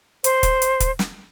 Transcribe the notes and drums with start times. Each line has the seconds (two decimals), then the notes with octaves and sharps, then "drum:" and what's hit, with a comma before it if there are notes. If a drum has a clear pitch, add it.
0.24 C5, drum: hi-hat
0.43 drum: kick, hi-hat
0.62 drum: hi-hat
0.80 drum: kick, hi-hat
0.99 drum: snare